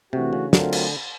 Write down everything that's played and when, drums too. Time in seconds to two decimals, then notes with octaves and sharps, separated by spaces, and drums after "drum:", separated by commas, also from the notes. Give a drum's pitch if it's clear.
0.13 C3 E3 A3 D4 F#4
0.33 C#3
0.53 D3 F#3 A3 C4 F4 A#4, drum: snare
0.72 drum: cymbal